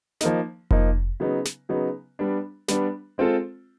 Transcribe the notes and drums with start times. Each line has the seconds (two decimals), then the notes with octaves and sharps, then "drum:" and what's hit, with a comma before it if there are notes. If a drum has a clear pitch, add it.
0.21 F3 A#3 D#4, drum: snare
0.71 F3 A#3 D#4, drum: kick F1
1.20 C#3 F#3 B3 D#4
1.45 drum: snare
1.69 C#3 F#3 B3 D#4
2.19 G3 B3 D4
2.68 G3 B3 D4, drum: snare
3.18 G#3 C4 F4 A4